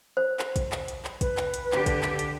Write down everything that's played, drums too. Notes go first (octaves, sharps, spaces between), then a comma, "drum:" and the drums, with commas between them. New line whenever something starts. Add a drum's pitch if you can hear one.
C5
drum: clap
drum: kick, hi-hat
drum: clap
drum: hi-hat
drum: clap
B4, drum: kick, hi-hat
drum: clap
drum: hi-hat
D3 G4, drum: clap
drum: kick, hi-hat
drum: clap
drum: hi-hat